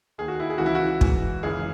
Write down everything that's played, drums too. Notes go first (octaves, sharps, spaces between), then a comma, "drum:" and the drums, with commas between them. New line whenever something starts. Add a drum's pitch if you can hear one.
D#2 D#3 G#4
F#4
E4
G#4
C#2 C#3 E3 F#4
E4
F#4
G#2 E3, drum: kick
F#2 C#3 E3 G#4